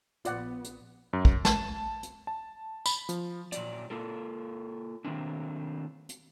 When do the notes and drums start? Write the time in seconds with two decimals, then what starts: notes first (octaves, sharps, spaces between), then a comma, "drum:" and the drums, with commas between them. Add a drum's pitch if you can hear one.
0.25 A#1 B3 F4 D5 F#5, drum: hi-hat
0.64 drum: hi-hat
1.13 F#2
1.25 drum: kick
1.45 A5, drum: snare
2.03 drum: hi-hat
2.27 A5
2.86 B5, drum: tambourine
3.09 F3, drum: hi-hat
3.52 A#2 F#3 D5, drum: hi-hat
3.90 A#3 F4 A4 A#4
5.05 D#3 F#3 A3 A#3 C4 D4
6.09 drum: hi-hat